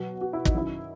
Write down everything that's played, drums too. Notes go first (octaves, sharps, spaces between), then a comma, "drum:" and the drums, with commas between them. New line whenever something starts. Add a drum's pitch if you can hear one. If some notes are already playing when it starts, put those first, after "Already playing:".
Already playing: B2 F#3 F#4
F#4
E4
D#4, drum: kick
F#2 D#3 F#3 E4